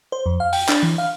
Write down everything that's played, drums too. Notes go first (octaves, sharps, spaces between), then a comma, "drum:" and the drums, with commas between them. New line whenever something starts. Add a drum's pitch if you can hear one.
C5
F2
F5
G5, drum: open hi-hat
D4, drum: clap
E3
F5